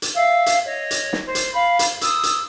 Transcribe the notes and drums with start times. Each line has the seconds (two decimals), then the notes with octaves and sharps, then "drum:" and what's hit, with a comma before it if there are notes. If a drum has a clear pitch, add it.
0.02 drum: hi-hat
0.16 E5 F5 E6
0.46 drum: hi-hat
0.65 C#5 D#5
0.91 drum: hi-hat
1.13 drum: snare
1.25 C5
1.35 drum: hi-hat
1.54 F5 B5
1.79 drum: hi-hat
2.01 D#6 E6, drum: hi-hat
2.23 drum: hi-hat